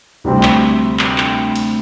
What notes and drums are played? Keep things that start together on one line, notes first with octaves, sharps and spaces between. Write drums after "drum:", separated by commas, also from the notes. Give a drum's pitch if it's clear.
D2 C3 G3 C4
drum: clap
drum: clap
drum: clap
drum: cymbal